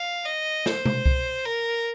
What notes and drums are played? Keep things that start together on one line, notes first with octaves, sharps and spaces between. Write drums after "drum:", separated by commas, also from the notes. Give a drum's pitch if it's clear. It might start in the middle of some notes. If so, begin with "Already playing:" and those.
Already playing: F5
D#5
C5, drum: snare
drum: tom C3
drum: kick C2
A#4